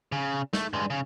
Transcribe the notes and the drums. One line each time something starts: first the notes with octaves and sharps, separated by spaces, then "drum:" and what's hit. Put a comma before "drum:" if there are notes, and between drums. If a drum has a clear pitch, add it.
C#3
A3, drum: snare
G2 G#3
C#3